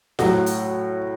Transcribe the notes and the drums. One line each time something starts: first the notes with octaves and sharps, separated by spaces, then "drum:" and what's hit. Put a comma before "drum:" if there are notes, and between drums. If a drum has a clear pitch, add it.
A2 F#3 F#4, drum: snare F4
drum: hi-hat